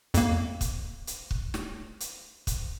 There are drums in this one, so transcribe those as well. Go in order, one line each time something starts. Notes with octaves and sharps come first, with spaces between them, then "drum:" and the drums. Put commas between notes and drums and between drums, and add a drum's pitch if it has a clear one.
F2 A#3, drum: hi-hat
drum: kick, hi-hat
drum: hi-hat
drum: kick
drum: snare
drum: hi-hat
drum: kick, hi-hat